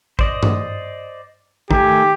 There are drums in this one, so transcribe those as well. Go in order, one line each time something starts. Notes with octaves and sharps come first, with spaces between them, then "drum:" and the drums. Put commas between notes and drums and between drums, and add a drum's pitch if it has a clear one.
C5 D5 D#5, drum: kick
drum: tom G2
D#3 A3 G4 G#5, drum: kick